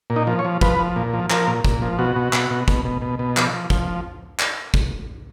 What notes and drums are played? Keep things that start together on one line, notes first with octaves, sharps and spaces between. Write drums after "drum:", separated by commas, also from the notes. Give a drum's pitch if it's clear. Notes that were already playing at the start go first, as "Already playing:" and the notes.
A#2
D#4
F3
C#5
F3
F3 B4, drum: kick
F3
A#2
F3
F3 A#4, drum: clap
A#2
A#2, drum: kick
F3
B2 F#4
B2
B2, drum: clap
B2
B2, drum: kick
B2
B2
B2
F3, drum: clap
F3
F3, drum: kick
drum: clap
drum: kick